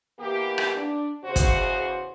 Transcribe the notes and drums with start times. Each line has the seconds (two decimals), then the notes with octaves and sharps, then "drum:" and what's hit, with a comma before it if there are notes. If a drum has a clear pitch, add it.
0.19 E3 A#3 B3 G4
0.58 drum: rim click
0.75 D4
1.24 E2 C#3 F#4 C5
1.36 drum: kick, hi-hat